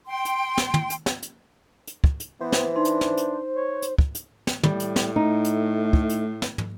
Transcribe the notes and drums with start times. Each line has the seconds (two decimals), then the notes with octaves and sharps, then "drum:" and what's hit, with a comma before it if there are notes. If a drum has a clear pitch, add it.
0.08 G5 C6
0.25 drum: hi-hat
0.58 drum: snare
0.74 drum: tom
0.90 drum: hi-hat
1.06 drum: snare
1.22 drum: hi-hat
1.87 drum: hi-hat
2.04 drum: kick
2.20 drum: hi-hat
2.41 E3 B3 C5
2.52 drum: snare
2.76 D4 D#4 C6
2.85 drum: hi-hat
3.01 drum: snare
3.17 drum: hi-hat
3.55 C#5
3.82 drum: hi-hat
3.98 drum: kick
4.15 drum: hi-hat
4.47 drum: snare
4.63 A2 G3, drum: tom
4.80 drum: hi-hat
4.96 drum: snare
5.16 A3 D#4
5.45 drum: hi-hat
5.93 drum: kick
6.10 drum: hi-hat
6.42 drum: snare
6.58 drum: tom